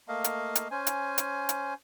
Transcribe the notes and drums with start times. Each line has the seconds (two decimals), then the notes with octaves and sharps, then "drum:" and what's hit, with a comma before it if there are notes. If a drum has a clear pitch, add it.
0.08 A3 A#3 D#5 F5
0.24 drum: hi-hat
0.55 drum: hi-hat
0.71 C#4 C5 G#5
0.87 drum: hi-hat
1.18 drum: hi-hat
1.49 drum: hi-hat